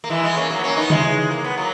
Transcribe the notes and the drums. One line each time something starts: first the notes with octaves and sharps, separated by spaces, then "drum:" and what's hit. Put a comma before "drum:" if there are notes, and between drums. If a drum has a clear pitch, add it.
A#3
E3 G#3
G#3 B3
A#3 C#4
F#3 A#3
B3
A#3 C#4
B3 D#4
E3 G#3, drum: tom C#3
A#3
B3
F#3 A#3